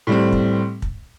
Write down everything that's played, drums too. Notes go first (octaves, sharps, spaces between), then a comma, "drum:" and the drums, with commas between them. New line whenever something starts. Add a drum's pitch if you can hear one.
A2 G3 C4
drum: kick
drum: kick